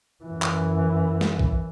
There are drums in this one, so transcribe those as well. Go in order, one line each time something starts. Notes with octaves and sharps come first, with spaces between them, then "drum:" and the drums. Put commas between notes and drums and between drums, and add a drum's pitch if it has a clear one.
F#2 E3
drum: clap
drum: snare
drum: kick A#1